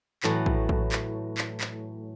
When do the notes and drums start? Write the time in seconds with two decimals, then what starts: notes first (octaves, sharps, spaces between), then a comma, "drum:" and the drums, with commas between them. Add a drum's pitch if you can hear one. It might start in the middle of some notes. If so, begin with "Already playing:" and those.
0.23 A2 E3 F#3, drum: clap
0.46 drum: kick
0.69 drum: kick
0.92 drum: clap
1.38 drum: clap
1.61 drum: clap